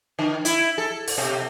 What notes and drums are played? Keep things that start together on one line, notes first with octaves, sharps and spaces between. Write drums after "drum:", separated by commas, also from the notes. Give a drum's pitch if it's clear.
D3
E4, drum: hi-hat
A4
drum: open hi-hat
B2